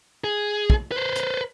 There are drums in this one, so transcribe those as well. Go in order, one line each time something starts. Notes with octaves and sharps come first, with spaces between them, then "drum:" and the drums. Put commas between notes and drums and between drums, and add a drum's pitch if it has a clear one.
G#4
drum: kick
B4 C5
drum: hi-hat